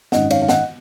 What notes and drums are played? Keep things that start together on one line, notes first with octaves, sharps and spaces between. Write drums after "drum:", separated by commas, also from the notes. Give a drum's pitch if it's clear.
G#1 F#2 D#3 D#5 F#5, drum: snare
C#5 F5, drum: cymbal
F5
D#5 F#5, drum: snare